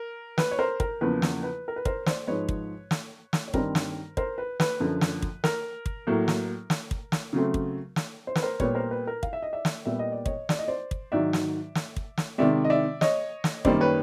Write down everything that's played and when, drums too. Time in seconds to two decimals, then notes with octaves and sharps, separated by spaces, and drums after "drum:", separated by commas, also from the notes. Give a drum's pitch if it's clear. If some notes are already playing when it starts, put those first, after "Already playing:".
Already playing: A#4
0.38 B4, drum: snare
0.51 C#5
0.59 A#4 C5
0.80 A#4, drum: kick
1.01 E2 C#3 F3 A#3 B4
1.22 drum: snare
1.43 B4
1.68 A#4
1.76 B4
1.85 A#4 C5, drum: kick
2.06 C5 D5, drum: snare
2.27 G#2 F3 G#3 B4 C#5
2.49 drum: kick
2.91 drum: snare
3.33 drum: snare
3.48 C#5
3.54 G2 D#3 G3 C4 A#4 C5, drum: kick
3.75 drum: snare
4.17 A#4 C5, drum: kick
4.38 B4
4.60 B4, drum: snare
4.80 F#2 D3 F3
5.01 drum: snare
5.22 drum: kick
5.44 A#4, drum: snare
5.86 drum: kick
6.07 A2 F#3 A#3
6.28 drum: snare
6.70 drum: snare
6.91 drum: kick
7.12 drum: snare
7.33 C#3 F#3 A3 C4
7.54 drum: kick
7.96 drum: snare
8.27 C5
8.35 B4, drum: snare
8.43 A#4 C5
8.60 A#2 G3 B3 B4 C#5, drum: kick
8.75 A#4 C5
8.91 B4
9.07 A#4
9.23 F5, drum: kick
9.33 E5
9.42 D#5
9.53 D5 E5
9.65 drum: snare
9.85 A#2 G3 B3 E5
9.99 D#5
10.12 D5
10.26 C#5 D#5, drum: kick
10.49 D5, drum: snare
10.59 D#5
10.68 C5 D5
10.91 drum: kick
11.12 G#2 D#3 F#3 D5 E5
11.33 drum: snare
11.75 drum: snare
11.96 drum: kick
12.18 drum: snare
12.38 C3 D#3 G#3 D5 E5
12.65 D#5
12.70 D5 E5
13.01 C#5 D#5, drum: snare
13.44 drum: snare
13.65 F#2 D#3 G3 A#3 C5 D5, drum: kick
13.81 B4 C#5